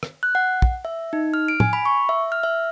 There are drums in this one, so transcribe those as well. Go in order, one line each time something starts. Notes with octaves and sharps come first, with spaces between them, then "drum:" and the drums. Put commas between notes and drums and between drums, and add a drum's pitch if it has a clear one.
drum: rim click
F#6
F#5
drum: kick
E5
D#4
F6
D7
G#5, drum: tom
B5
C#6
E5
F6
E5